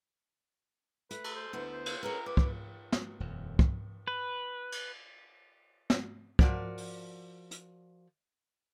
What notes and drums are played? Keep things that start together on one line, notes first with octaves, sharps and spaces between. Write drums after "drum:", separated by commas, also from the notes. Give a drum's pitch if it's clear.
A3 B4, drum: hi-hat
drum: cymbal
C5
D2 B3 E4
C5
drum: cymbal
C#4 G#4 A#4 B4
B4 D6
drum: kick
drum: snare
D#1 F2
drum: kick
B4
drum: cymbal
drum: snare
F3 F#4 A#4 D5, drum: kick
drum: open hi-hat
drum: hi-hat